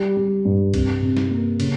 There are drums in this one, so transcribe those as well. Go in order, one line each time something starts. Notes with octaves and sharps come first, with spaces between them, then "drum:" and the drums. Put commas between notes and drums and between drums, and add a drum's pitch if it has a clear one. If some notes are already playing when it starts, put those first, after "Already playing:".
Already playing: G3
G3
G2
C3, drum: kick B1, cymbal
C3
drum: snare
A#3
C#3, drum: cymbal